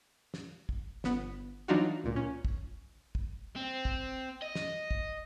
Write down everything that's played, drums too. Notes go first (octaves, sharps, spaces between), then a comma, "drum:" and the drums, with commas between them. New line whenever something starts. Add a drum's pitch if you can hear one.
drum: snare
drum: kick
G1 B3, drum: snare
E3 F#3 D4 D#4 F4 F#4
C#2 A#2
C#4
drum: kick
drum: kick
C4
drum: kick
D#5
drum: snare
drum: kick